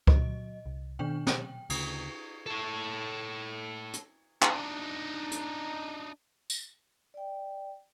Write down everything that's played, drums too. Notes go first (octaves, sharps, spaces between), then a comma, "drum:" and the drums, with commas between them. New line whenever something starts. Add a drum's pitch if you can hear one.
F#3 D#5, drum: kick C#2
C2
B2 D#3 D4 G5
G5, drum: snare
D2 C#3, drum: cymbal
A4 C#5
drum: hi-hat
D4 D#4, drum: clap
drum: hi-hat
drum: tambourine
D5 G5